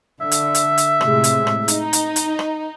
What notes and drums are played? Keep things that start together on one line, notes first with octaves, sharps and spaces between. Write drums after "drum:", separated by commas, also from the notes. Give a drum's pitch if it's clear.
D3 E5
drum: hi-hat
drum: hi-hat
drum: hi-hat
A2 C3 G#3, drum: rim click
drum: hi-hat
drum: rim click
D#4, drum: hi-hat
drum: hi-hat
drum: hi-hat
drum: rim click